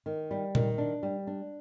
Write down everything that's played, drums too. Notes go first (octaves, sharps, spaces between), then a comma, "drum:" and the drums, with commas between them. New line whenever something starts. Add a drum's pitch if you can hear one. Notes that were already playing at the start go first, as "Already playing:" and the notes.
D#3
G3
D#3, drum: tom A#2
D4
G3
D4